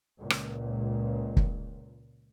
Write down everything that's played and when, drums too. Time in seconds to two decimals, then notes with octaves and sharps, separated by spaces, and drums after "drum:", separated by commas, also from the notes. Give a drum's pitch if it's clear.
0.18 C#2 A#2
0.30 drum: rim click
1.37 drum: kick